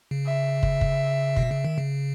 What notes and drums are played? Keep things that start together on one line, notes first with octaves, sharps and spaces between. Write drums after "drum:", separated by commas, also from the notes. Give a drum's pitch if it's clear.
C#3
E5
drum: kick
drum: kick
B2, drum: kick
C#3
D#3
C#3